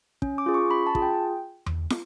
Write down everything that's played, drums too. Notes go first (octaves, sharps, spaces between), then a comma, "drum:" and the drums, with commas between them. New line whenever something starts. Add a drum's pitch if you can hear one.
C#4, drum: kick
D6
F4 G#4
C#6
C#4 B5
A5
F4 G#4, drum: kick
G5
drum: tom E2
drum: snare